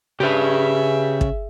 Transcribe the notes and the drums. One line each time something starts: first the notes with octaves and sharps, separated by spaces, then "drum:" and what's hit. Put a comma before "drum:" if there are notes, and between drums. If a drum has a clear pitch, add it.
C#3 G4 G#4 B4 E5
drum: kick